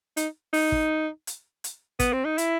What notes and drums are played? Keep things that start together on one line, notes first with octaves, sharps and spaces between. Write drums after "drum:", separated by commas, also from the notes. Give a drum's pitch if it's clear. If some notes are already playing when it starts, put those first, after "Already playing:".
D#4, drum: hi-hat
D#4, drum: open hi-hat
drum: kick
drum: hi-hat
drum: hi-hat
B3, drum: kick, hi-hat
C4
D#4
E4, drum: hi-hat